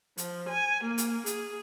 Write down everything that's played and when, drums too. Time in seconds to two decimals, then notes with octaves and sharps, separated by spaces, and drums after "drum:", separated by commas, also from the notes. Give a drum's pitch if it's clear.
0.18 F3, drum: hi-hat
0.49 G#5
0.84 A#3
0.98 drum: hi-hat
1.26 G#4, drum: hi-hat